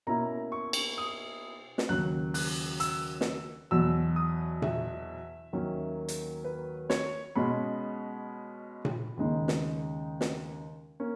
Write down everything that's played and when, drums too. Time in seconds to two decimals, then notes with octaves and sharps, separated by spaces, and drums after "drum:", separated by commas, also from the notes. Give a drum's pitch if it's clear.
0.07 B2 A#3 C#4 E4 A#5
0.52 C#6
0.73 drum: cymbal
0.98 D#6
1.78 drum: snare
1.89 D#2 C#3 F#3 F#6
2.34 F#6, drum: open hi-hat
2.80 E6, drum: hi-hat
3.21 drum: snare
3.71 E2 B2 F#3 E6
4.16 D#6
4.62 E5, drum: tom A#2
5.53 D#2 D#3 F#3 A#3 C#4
6.08 drum: hi-hat
6.44 B4
6.90 C#5, drum: snare
7.35 B2 G#3 C#4 B5
8.85 drum: tom A#2
9.17 D#2 C#3 G#3 D#4
9.48 drum: snare
10.21 drum: snare
11.00 A#3 C#4